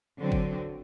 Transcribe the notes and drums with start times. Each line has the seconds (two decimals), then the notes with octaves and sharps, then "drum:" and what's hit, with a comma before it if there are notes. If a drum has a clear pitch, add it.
0.19 D3 F#3 C4
0.32 drum: kick G1